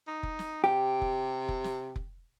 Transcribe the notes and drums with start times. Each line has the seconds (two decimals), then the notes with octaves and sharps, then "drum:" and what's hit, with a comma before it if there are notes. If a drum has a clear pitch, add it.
0.08 D#4
0.23 drum: kick F1
0.39 drum: snare
0.64 C3 G4
1.02 drum: kick F1
1.49 drum: kick F1
1.64 drum: snare
1.96 drum: kick F1